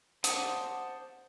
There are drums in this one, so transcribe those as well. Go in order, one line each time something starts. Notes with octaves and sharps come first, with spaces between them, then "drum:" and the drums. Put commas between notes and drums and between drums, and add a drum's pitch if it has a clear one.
C5 F#5 A5 D6 D#6, drum: hi-hat